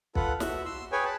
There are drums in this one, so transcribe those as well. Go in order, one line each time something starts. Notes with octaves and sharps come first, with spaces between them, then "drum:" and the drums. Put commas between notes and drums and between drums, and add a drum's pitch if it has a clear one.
F4 A4 B4 F#5, drum: kick
F#4 E5, drum: snare
C6 E6
G#4 B4 C#5 G5 G#5
A5 B5